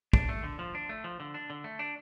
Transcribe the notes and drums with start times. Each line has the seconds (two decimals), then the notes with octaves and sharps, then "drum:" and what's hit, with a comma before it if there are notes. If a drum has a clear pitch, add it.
0.13 D4, drum: kick
0.29 A3
0.44 D3
0.59 F3
0.75 D4
0.89 A3
1.04 F3
1.20 D3
1.34 D4
1.50 D3
1.64 A3
1.79 D4